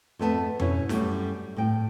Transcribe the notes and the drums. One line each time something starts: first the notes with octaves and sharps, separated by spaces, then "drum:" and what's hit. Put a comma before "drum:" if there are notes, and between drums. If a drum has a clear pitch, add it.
F2 A3 B3 A5
B2 C#4 E4, drum: tom F2
F#2 G3 A3, drum: snare
A2 G5